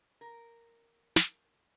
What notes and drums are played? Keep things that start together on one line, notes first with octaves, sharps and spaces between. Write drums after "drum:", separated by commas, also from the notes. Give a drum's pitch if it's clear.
A#4
drum: snare